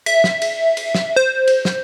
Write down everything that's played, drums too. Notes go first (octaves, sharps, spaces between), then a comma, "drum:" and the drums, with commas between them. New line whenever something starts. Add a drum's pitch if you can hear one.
E5, drum: cymbal
drum: snare
drum: cymbal
drum: cymbal
drum: snare
C5
drum: cymbal
drum: snare